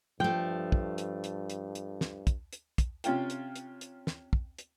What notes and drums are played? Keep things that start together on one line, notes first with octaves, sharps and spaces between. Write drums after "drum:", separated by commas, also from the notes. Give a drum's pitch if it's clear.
G2 F3 A3 G5
drum: kick
drum: hi-hat
drum: hi-hat
drum: hi-hat
drum: hi-hat
drum: snare
drum: kick, hi-hat
drum: hi-hat
drum: kick, hi-hat
C3 C#4 F4 G5, drum: hi-hat
drum: hi-hat
drum: hi-hat
drum: hi-hat
drum: snare
drum: kick
drum: hi-hat